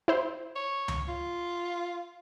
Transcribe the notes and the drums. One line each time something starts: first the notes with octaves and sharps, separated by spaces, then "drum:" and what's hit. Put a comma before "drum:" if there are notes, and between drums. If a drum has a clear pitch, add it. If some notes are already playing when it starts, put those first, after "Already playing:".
E4 C5
C#5
drum: tom C#2
F4